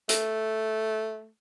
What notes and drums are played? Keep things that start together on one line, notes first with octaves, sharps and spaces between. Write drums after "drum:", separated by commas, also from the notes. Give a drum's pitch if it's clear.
A3, drum: hi-hat